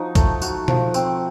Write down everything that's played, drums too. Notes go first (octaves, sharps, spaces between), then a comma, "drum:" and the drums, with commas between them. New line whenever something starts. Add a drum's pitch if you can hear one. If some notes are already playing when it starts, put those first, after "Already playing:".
Already playing: F3 D#4 F#4
A3, drum: kick, tambourine
F#4, drum: tambourine
F3, drum: tom B2
C4, drum: tambourine